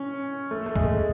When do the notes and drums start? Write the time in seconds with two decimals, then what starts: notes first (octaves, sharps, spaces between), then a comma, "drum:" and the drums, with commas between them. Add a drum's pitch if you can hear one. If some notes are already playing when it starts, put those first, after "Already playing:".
Already playing: C#4
0.51 A3
0.66 A3
0.76 G#3, drum: kick